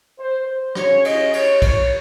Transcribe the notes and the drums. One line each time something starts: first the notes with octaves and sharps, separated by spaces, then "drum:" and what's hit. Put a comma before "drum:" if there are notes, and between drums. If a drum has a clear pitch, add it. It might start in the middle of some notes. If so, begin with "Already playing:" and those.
C5
C5
C#3 F#3 C#4 C#5, drum: rim click
D#5, drum: cymbal
C#5, drum: cymbal
C#5, drum: kick, cymbal